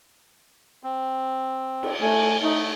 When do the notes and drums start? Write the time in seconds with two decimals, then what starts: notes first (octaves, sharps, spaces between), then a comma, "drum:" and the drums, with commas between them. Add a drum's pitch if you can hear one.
0.83 C4
1.83 drum: cymbal
2.02 A3 G#5
2.42 A3 D#4